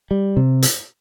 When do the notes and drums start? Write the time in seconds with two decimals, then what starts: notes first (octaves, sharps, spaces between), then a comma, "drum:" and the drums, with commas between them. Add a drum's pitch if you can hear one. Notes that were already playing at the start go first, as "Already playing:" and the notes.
0.11 G3
0.37 C3
0.62 drum: hi-hat